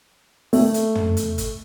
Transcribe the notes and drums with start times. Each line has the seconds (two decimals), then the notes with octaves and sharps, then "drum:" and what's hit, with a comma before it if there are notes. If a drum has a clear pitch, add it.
0.53 A3, drum: open hi-hat
0.74 drum: hi-hat
0.95 drum: tom
1.17 drum: hi-hat
1.38 drum: kick, hi-hat